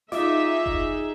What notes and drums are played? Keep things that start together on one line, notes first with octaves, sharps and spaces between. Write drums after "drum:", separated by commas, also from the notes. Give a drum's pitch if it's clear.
D#4 F4 G#4 D#5 E5 D6, drum: snare
drum: kick F1